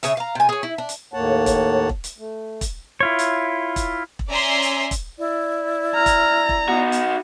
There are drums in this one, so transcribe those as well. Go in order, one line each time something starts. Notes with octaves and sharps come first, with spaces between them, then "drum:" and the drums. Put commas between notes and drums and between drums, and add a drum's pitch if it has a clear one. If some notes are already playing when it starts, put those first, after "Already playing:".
C#3 G#4 C#5 E5, drum: hi-hat
F5 A#5
C3 G#5
G#4 C#5
E4
D4
drum: hi-hat
D#2 A2 A#3 C#5 F#5 A5
drum: kick E1, hi-hat
drum: kick E1
drum: hi-hat
A3
drum: kick E1, hi-hat
E4 F4 C#5
drum: hi-hat
drum: kick E1, hi-hat
drum: kick E1
C#4 D5 E5 G#5 A#5 C6
drum: hi-hat
drum: kick E1, hi-hat
E4 D5
A#5 F6
drum: kick E1, hi-hat
drum: kick E1
B3 D#4 F#4
drum: hi-hat